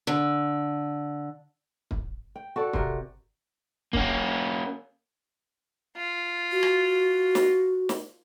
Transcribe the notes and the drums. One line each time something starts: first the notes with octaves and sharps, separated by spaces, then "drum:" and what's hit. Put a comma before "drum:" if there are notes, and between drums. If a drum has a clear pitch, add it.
D3
drum: kick
G5
F#4 A4 D5
C3 A#4 F#5, drum: kick
A#3 C#4, drum: kick
F4
F#4
drum: rim click
drum: snare
drum: snare